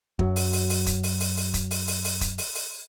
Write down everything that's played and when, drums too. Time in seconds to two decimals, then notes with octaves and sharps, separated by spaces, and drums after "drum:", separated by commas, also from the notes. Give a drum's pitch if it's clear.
0.19 F#2 F#3, drum: kick
0.36 drum: open hi-hat
0.53 drum: open hi-hat
0.70 drum: open hi-hat
0.86 drum: kick, hi-hat
1.03 drum: open hi-hat
1.20 drum: open hi-hat
1.37 drum: open hi-hat
1.54 drum: kick, hi-hat
1.71 drum: open hi-hat
1.87 drum: open hi-hat
2.04 drum: open hi-hat
2.21 drum: kick, hi-hat
2.38 drum: open hi-hat
2.55 drum: open hi-hat